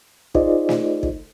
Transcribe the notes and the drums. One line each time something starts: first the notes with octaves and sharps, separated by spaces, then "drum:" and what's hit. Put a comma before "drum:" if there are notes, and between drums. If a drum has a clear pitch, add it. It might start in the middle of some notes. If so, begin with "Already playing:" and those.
D#4 F4 G#4 C5 D5 D#5, drum: kick
drum: snare
drum: kick